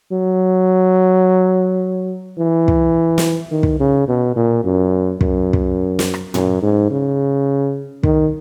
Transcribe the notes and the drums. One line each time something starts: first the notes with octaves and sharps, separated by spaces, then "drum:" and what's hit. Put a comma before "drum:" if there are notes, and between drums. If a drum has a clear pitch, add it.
F#3
E3
drum: kick
drum: snare
D#3
drum: kick
C#3
B2
A#2
F#2
F#2, drum: kick
drum: kick
drum: snare
drum: rim click
F#2, drum: tom A2
G#2
C#3
D#3, drum: kick